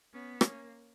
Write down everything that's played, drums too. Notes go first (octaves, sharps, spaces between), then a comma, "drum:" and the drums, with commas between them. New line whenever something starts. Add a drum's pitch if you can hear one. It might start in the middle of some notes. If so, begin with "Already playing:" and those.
B3 C#4
A#3 C#4, drum: rim click